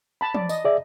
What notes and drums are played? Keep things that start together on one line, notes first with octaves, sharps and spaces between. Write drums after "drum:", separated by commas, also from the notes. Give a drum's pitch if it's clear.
A5 B5
D5, drum: tom
D#5, drum: tambourine
G#4 D5 E5